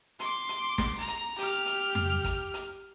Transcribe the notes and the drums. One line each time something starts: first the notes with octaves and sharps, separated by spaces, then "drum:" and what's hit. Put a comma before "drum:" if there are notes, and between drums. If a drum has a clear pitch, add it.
C6 D6, drum: hi-hat
drum: hi-hat
drum: snare
A#5
drum: hi-hat
G4 F6, drum: hi-hat
drum: hi-hat
drum: tom F2
drum: kick, hi-hat
drum: hi-hat